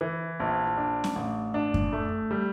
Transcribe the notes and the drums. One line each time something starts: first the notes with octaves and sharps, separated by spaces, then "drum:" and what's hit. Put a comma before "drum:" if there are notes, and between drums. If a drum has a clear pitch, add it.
E3
A#1
D4
drum: snare C#4
A1
D4
drum: kick F#2
A3
G3